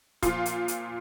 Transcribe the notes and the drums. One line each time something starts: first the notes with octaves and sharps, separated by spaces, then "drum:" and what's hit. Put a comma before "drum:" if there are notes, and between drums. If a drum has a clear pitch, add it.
A#2 F3 F4, drum: kick, hi-hat
drum: hi-hat
drum: hi-hat